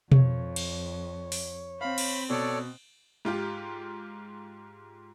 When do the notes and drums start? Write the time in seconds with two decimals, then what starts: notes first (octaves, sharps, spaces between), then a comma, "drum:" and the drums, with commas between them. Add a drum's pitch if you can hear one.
0.12 F2 C#5, drum: tom B2
0.56 drum: cymbal
1.32 drum: open hi-hat
1.81 C4 F5 B5
1.98 drum: cymbal
2.30 B2 A4 C#5 D5
3.25 G#2 F4 G4